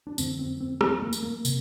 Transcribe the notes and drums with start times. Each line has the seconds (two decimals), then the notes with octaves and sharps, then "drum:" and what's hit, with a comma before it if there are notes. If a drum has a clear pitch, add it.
0.07 D4
0.18 F2 D3 C4, drum: tambourine
0.39 C4
0.61 C4
0.81 C4, drum: rim click
1.02 A#3
1.13 drum: tambourine
1.23 A#3
1.45 C3, drum: tambourine